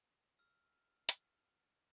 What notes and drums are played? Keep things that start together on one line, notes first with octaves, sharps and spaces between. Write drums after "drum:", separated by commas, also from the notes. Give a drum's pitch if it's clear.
E6 F6
drum: hi-hat